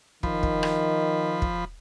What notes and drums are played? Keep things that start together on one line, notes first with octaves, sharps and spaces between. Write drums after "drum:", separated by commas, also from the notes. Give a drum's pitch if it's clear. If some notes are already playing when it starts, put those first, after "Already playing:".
D#3 F3 B5, drum: kick
drum: kick
drum: rim click
drum: kick